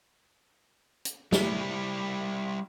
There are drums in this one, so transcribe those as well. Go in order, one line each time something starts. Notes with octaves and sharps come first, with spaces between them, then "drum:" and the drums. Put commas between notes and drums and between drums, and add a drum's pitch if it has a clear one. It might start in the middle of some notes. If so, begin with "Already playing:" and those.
drum: hi-hat
G3 E4, drum: snare